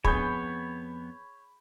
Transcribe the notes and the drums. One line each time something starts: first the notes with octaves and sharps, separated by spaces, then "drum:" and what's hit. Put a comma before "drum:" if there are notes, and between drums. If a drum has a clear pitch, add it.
F2 B3 G#4 C#5 B5 G6, drum: kick